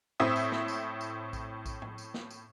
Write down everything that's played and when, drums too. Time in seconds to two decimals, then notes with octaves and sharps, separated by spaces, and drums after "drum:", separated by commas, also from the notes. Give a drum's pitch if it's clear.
0.20 A2 C4 E5 D#6
0.36 drum: tambourine
0.52 drum: snare
0.68 drum: tambourine
1.01 drum: tambourine
1.33 drum: kick A#1, tambourine
1.66 drum: kick A#1, tambourine
1.82 drum: tom
1.98 drum: tambourine
2.14 drum: snare
2.30 drum: tambourine